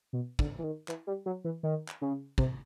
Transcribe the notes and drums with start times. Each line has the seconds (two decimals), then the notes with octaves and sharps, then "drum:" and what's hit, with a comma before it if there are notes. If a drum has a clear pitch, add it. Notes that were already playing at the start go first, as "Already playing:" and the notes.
0.13 B2
0.39 D3, drum: kick
0.59 E3
0.64 D#3
0.88 E3, drum: clap
1.07 G3
1.26 F#3
1.44 E3
1.63 D#3
1.88 drum: clap
2.01 C#3
2.38 C3, drum: kick